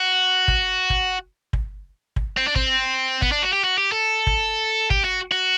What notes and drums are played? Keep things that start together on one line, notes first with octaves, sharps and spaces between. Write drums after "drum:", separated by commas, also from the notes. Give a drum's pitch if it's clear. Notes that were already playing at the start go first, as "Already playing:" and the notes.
Already playing: F#4
drum: kick
drum: kick
drum: kick
drum: kick
C4
D4
C4, drum: kick
B3, drum: kick
D4
F#4
G4
F#4
G4
A4
drum: kick
G4, drum: kick
F#4
F#4